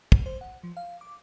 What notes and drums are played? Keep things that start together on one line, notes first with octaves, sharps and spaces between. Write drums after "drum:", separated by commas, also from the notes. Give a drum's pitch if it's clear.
B2, drum: kick
C5
F#5
F3
F5
D6